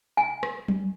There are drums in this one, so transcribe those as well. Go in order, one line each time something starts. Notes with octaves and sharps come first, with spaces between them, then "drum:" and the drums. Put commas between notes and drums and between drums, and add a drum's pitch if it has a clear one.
G#5
drum: rim click
drum: tom F#3